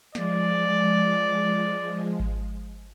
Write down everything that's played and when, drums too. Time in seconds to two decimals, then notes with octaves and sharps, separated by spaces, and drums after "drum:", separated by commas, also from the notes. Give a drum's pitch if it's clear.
0.15 F3 G#3 D5, drum: snare
2.20 drum: kick G#1